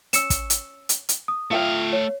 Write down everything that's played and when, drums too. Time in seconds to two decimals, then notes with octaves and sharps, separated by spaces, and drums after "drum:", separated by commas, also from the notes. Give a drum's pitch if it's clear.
0.13 C#4 E6 C#7 E7, drum: hi-hat
0.30 drum: kick, hi-hat
0.50 drum: hi-hat
0.89 drum: hi-hat
1.09 drum: hi-hat
1.28 D#6
1.51 A3 F4 E5 F5 G5
1.93 C#5